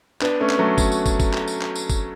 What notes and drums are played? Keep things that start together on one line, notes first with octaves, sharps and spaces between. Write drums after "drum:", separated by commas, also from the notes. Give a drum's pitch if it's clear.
B3 D4, drum: clap
A3 C#4
drum: clap
F#3 A3
drum: kick, tambourine
drum: tambourine
drum: kick, tambourine
drum: kick, tambourine
drum: clap
drum: tambourine
drum: clap
drum: tambourine
drum: kick, tambourine